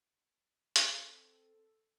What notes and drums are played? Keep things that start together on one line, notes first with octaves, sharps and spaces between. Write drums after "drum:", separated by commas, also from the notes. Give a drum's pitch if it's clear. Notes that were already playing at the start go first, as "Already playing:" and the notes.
C4 A4, drum: hi-hat